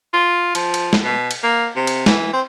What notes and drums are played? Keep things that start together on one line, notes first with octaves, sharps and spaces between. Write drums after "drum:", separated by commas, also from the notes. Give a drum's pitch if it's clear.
F4
F3, drum: cymbal
drum: cymbal
drum: snare
B2
drum: cymbal
A#3
C3
drum: cymbal
E3, drum: snare
C4